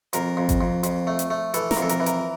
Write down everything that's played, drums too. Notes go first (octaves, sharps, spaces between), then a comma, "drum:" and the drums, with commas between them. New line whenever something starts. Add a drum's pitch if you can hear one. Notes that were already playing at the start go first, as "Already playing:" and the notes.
F2 A#4, drum: hi-hat
F2
drum: kick G#1, hi-hat
F2
F2, drum: hi-hat
A3
drum: hi-hat
A3
E3 A4, drum: hi-hat
A#4, drum: snare
F2
A4
A#4, drum: hi-hat
E3
A#4, drum: hi-hat